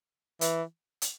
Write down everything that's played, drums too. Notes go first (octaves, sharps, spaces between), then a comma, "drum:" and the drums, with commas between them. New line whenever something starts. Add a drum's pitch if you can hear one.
E3, drum: hi-hat
drum: hi-hat